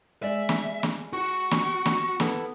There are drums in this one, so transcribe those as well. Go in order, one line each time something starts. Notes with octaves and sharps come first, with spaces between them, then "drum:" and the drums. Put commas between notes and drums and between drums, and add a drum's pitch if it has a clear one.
G#3 D5 E5
drum: snare
drum: snare
F#4 C#6
drum: snare
drum: snare
B3 E4 A4 A5, drum: snare